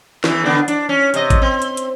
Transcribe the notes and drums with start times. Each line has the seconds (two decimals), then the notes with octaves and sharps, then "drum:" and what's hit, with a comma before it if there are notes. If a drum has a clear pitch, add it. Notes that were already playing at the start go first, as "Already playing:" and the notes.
0.24 E2 E3, drum: snare
0.45 D3 B3 D4
0.68 D4, drum: hi-hat
0.89 C#4
1.14 C3 D#5, drum: hi-hat
1.30 drum: kick, hi-hat
1.42 C4
1.62 drum: hi-hat
1.77 drum: hi-hat